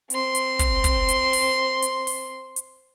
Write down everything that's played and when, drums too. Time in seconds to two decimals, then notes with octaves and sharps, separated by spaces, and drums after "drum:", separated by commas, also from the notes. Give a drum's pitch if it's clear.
0.10 C4 C6, drum: hi-hat
0.35 drum: hi-hat
0.59 drum: kick, hi-hat
0.84 drum: kick, hi-hat
1.08 drum: hi-hat
1.33 drum: open hi-hat
1.82 drum: hi-hat
2.07 drum: open hi-hat
2.56 drum: hi-hat